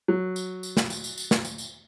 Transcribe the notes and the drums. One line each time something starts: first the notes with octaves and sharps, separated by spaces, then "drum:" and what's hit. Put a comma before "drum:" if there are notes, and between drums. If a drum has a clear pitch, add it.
F#3
drum: tambourine
drum: tambourine
drum: snare
drum: tambourine
drum: tambourine
drum: tambourine
drum: snare
drum: tambourine
drum: tambourine